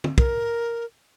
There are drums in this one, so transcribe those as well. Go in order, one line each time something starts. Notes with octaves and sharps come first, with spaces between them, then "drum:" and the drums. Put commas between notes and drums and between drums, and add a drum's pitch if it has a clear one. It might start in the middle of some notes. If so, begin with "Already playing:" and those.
drum: tom
A#4, drum: kick